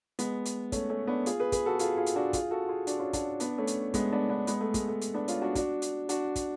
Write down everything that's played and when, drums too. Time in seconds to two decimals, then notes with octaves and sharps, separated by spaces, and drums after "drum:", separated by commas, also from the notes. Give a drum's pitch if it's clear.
0.19 G#3 B3, drum: hi-hat
0.45 drum: hi-hat
0.72 A3 C#4, drum: kick, hi-hat
0.90 A3 C#4
1.07 B3 D4
1.26 F4 G#4, drum: hi-hat
1.40 G#4 B4
1.52 G#4 B4, drum: kick, hi-hat
1.66 F#4 A4
1.79 F4 G#4, drum: hi-hat
1.97 F4 G#4
2.06 drum: hi-hat
2.16 D4 F#4
2.33 F4 G#4, drum: kick, hi-hat
2.51 F#4 A4
2.69 F4 G#4
2.87 D4 F#4, drum: hi-hat
3.00 C#4 F4
3.13 D4 F#4, drum: kick, hi-hat
3.40 B3 D4, drum: hi-hat
3.58 A3 C#4
3.67 drum: hi-hat
3.94 G#3 B3, drum: kick, hi-hat
4.12 B3 D4
4.29 B3 D4
4.47 G#3 B3, drum: hi-hat
4.61 A3
4.74 G#3, drum: kick, hi-hat
4.88 A3
5.01 drum: hi-hat
5.14 B3 D4
5.28 C#4 F4, drum: hi-hat
5.42 D4 F#4
5.55 D4 F#4, drum: kick, hi-hat
5.82 drum: hi-hat
6.09 D4 F#4, drum: hi-hat
6.36 drum: kick, hi-hat